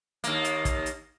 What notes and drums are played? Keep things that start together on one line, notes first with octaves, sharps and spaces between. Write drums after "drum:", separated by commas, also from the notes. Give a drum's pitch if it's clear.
D#2 A#3, drum: hi-hat
drum: hi-hat
drum: kick, hi-hat
drum: hi-hat